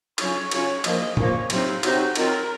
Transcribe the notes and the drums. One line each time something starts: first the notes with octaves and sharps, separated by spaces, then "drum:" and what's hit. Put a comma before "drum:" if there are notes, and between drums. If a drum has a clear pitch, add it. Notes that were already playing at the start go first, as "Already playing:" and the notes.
C#3 F#3 C#4 F4 C#5, drum: cymbal
C#3 F#3 C#4 F4 C#5, drum: cymbal
A#2 F3 A#3 D#5, drum: cymbal
A#2 F3 A#3 C#5, drum: tom
C3 F#3 C4 D#4 F4, drum: cymbal
C3 F#3 C4 D#4 F#4, drum: cymbal
D#3 F#3 C4 F4 A#4, drum: cymbal